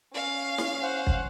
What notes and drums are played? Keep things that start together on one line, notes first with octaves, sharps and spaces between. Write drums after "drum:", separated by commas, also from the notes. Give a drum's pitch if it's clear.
C#4 F5
drum: snare
C5 F#5
drum: kick